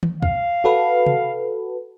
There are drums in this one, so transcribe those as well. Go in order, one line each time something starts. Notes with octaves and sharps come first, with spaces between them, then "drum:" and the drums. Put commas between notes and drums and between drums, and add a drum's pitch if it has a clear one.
drum: tom
F5, drum: kick
F#4 A4 B4
drum: tom C3